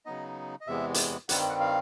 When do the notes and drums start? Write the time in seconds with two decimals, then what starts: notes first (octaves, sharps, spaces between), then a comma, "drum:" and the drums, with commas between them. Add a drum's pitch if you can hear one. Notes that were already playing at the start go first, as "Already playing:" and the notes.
0.05 C#3 F#3 B3 D#4 D#5
0.61 D#5
0.67 E2 C3 E3 G#3 B3 E5
0.94 drum: hi-hat
1.29 G2 D#3 G3 C4 F#5, drum: hi-hat
1.49 F#5
1.60 F5